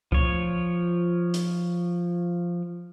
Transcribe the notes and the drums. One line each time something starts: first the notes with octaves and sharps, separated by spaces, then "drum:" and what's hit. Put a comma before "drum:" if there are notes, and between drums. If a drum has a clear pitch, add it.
F3 C#5, drum: kick C#2
drum: hi-hat